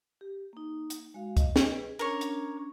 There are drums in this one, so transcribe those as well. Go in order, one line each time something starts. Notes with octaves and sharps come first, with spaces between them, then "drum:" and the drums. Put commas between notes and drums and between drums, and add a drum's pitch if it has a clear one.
G4
A#3 D#4
drum: hi-hat
G#3 F#4 F5
D#5, drum: kick C#2, hi-hat
drum: snare
G#4 B4
C#4 D4 A#4 C#5
drum: hi-hat